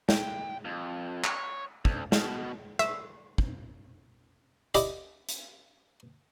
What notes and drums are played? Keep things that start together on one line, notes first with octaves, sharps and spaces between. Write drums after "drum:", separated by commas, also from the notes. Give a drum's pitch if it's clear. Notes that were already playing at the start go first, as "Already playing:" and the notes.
G5, drum: snare
F2
C#5, drum: clap
D2, drum: kick
B2, drum: snare
E5, drum: rim click
drum: kick
E4 G4 D5 D#5, drum: hi-hat
drum: hi-hat